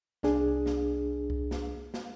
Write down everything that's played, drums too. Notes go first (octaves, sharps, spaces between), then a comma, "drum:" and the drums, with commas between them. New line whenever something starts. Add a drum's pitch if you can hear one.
C2 D4 G#4, drum: snare
drum: snare
drum: kick C2
drum: snare
drum: snare